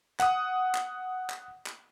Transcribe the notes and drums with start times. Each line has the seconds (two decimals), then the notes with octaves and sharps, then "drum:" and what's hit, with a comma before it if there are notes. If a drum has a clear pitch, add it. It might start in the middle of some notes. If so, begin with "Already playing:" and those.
0.20 F#5 D#6, drum: clap
0.75 drum: clap
1.30 drum: clap
1.66 drum: clap